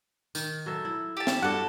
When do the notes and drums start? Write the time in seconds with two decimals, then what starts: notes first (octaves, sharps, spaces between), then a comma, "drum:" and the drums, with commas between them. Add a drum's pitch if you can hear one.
0.35 D#3, drum: tambourine
0.66 F#3 A4 E5
0.85 E4
1.17 G4 A5
1.27 drum: snare
1.42 G2 F#4 A4 D5 F#5